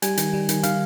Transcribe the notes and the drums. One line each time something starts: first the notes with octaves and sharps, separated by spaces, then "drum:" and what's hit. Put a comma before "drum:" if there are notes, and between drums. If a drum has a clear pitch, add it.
G3 G#5, drum: hi-hat
D#3, drum: hi-hat
G3
D#3, drum: hi-hat
D#3 F5, drum: hi-hat